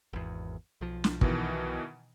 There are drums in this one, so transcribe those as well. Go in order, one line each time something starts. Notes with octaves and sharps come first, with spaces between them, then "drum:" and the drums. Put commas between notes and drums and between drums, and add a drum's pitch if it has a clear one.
G#1 E2
B1 F3
drum: snare
B2 D#3 E3, drum: kick